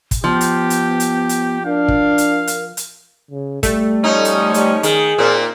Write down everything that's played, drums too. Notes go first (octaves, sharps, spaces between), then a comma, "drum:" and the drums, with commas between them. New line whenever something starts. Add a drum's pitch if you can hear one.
drum: kick, hi-hat
F3 B3 G4
drum: hi-hat
drum: hi-hat
drum: hi-hat
drum: hi-hat
D4 A#4 F5
drum: kick
drum: hi-hat
drum: hi-hat
drum: hi-hat
C#3
G3 A3, drum: kick, hi-hat
F3 C#4 D#4
drum: hi-hat
G3, drum: hi-hat
D#3 G#4, drum: hi-hat
A#2 C4